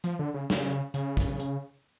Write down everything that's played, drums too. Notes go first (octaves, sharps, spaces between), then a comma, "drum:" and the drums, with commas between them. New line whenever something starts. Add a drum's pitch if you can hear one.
F3, drum: hi-hat
D3
C#3
C#3, drum: snare
C#3, drum: hi-hat
drum: kick
drum: hi-hat